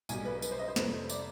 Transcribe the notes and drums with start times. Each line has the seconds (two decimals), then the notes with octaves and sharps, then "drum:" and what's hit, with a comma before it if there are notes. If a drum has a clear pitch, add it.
0.09 B1 B2 G3 G#5, drum: tambourine
0.25 B4
0.42 B4, drum: tambourine
0.51 C5
0.59 D#5
0.68 C5
0.76 F2 C3 G3 B4, drum: snare
0.93 C5
1.10 D5, drum: tambourine